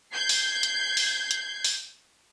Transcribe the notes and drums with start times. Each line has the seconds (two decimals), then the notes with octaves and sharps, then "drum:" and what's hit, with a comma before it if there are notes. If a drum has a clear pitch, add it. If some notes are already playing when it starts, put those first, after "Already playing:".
0.12 G6 G#6 C7
0.29 drum: open hi-hat
0.63 drum: hi-hat
0.97 drum: open hi-hat
1.31 drum: hi-hat
1.65 drum: open hi-hat